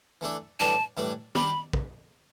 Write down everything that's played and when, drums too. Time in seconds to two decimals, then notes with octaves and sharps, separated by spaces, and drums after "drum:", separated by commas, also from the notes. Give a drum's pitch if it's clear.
0.21 E3 A3 D4 A4
0.60 A2 E3 G3 D4 A5
0.97 A2 E3 G3 D4
1.35 G3 D4 G4 B5, drum: tom
1.73 drum: kick